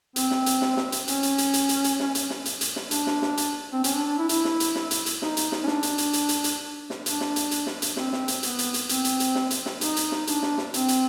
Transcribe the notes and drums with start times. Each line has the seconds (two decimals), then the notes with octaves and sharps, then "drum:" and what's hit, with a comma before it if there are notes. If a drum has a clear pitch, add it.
0.16 C4, drum: hi-hat
0.31 drum: snare
0.46 drum: hi-hat
0.62 drum: snare
0.77 drum: snare
0.92 drum: hi-hat
1.08 C#4, drum: hi-hat
1.23 drum: hi-hat
1.38 drum: hi-hat
1.54 drum: hi-hat
1.69 drum: hi-hat
1.84 drum: hi-hat
2.00 drum: snare
2.15 drum: hi-hat
2.30 drum: snare
2.45 drum: hi-hat
2.61 drum: hi-hat
2.76 drum: snare
2.91 D4, drum: hi-hat
3.07 drum: snare
3.22 drum: snare
3.37 drum: hi-hat
3.73 C4
3.84 C#4, drum: hi-hat
3.95 D4
4.07 D4
4.18 E4
4.29 E4, drum: hi-hat
4.45 drum: snare
4.60 drum: hi-hat
4.75 drum: snare
4.91 drum: hi-hat
5.06 drum: hi-hat
5.22 D#4, drum: snare
5.37 drum: hi-hat
5.52 drum: snare
5.64 C#4
5.67 D4, drum: snare
5.83 drum: hi-hat
5.98 drum: hi-hat
6.13 drum: hi-hat
6.29 drum: hi-hat
6.44 drum: hi-hat
6.90 drum: snare
7.06 D4, drum: hi-hat
7.21 drum: snare
7.36 drum: hi-hat
7.51 drum: hi-hat
7.67 drum: snare
7.82 drum: hi-hat
7.97 C4, drum: snare
8.13 drum: snare
8.28 drum: hi-hat
8.43 B3, drum: hi-hat
8.59 drum: hi-hat
8.74 drum: hi-hat
8.89 C4, drum: hi-hat
9.05 drum: hi-hat
9.20 drum: hi-hat
9.35 drum: snare
9.51 drum: hi-hat
9.66 drum: snare
9.81 D#4, drum: hi-hat
9.97 drum: hi-hat
10.12 drum: snare
10.27 D4, drum: hi-hat
10.42 drum: snare
10.58 drum: snare
10.74 C4, drum: hi-hat
10.88 drum: hi-hat